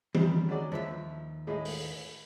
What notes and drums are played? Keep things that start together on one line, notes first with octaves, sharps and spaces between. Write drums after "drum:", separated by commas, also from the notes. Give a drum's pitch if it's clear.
F#2 C3 D#3 G3, drum: tom E3
F#3 G#3 D5
D#2 F3 B4 E5
A2 G#3 D#5
drum: open hi-hat